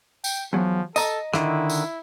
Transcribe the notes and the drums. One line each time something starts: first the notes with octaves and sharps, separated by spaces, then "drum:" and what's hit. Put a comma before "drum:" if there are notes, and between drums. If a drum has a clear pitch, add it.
G5, drum: tambourine
E2 F3 F#3
A4 D#5 A#5, drum: tambourine
D3 D#3 E4, drum: rim click
drum: tambourine